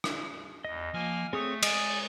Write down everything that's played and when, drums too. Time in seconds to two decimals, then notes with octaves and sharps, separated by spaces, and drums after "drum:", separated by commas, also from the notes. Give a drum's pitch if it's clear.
0.04 drum: rim click
0.65 E2 D#5
0.94 F3 A#3 G#5 F6
1.33 A3 C4 G#4 A4 C#5 D#6
1.63 G#3 D5 D#5 G#5 D#6, drum: cymbal